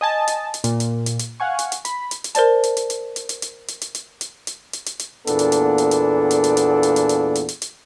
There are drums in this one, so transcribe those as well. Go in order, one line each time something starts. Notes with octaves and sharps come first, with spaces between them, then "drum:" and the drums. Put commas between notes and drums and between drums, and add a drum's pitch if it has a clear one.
D#5 G#5 A5
drum: hi-hat
drum: hi-hat
A#2, drum: hi-hat
drum: hi-hat
drum: hi-hat
drum: hi-hat
F5 F#5 G#5 C#6
drum: hi-hat
drum: hi-hat
B5, drum: hi-hat
drum: hi-hat
drum: hi-hat
A#4 C5 D5 A5, drum: hi-hat
drum: hi-hat
drum: hi-hat
drum: hi-hat
drum: hi-hat
drum: hi-hat
drum: hi-hat
drum: hi-hat
drum: hi-hat
drum: hi-hat
drum: hi-hat
drum: hi-hat
drum: hi-hat
drum: hi-hat
drum: hi-hat
E2 A#2 A#3 B3 D4 A4, drum: hi-hat
drum: hi-hat
drum: hi-hat
drum: hi-hat
drum: hi-hat
drum: hi-hat
drum: hi-hat
drum: hi-hat
drum: hi-hat
drum: hi-hat
drum: hi-hat
drum: hi-hat
drum: hi-hat
drum: hi-hat